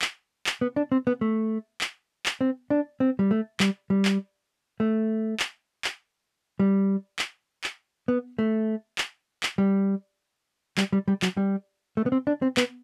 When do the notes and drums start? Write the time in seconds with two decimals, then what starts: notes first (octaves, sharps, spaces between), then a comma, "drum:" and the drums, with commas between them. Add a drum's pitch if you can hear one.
0.02 drum: clap
0.46 drum: clap
0.61 B3
0.76 D4
0.92 C4
1.07 B3
1.21 A3
1.81 drum: clap
2.26 drum: clap
2.41 C4
2.70 D4
3.00 C4
3.19 G3
3.31 A3
3.60 G3, drum: clap
3.90 G3
4.05 drum: clap
4.80 A3
5.40 drum: clap
5.84 drum: clap
6.59 G3
7.19 drum: clap
7.64 drum: clap
8.08 B3
8.39 A3
8.98 drum: clap
9.43 drum: clap
9.58 G3
10.78 G3, drum: clap
10.93 G3
11.08 G3
11.22 F#3, drum: clap
11.37 G3
11.97 A3
12.06 B3
12.12 C4
12.27 D4
12.42 C4
12.57 B3, drum: clap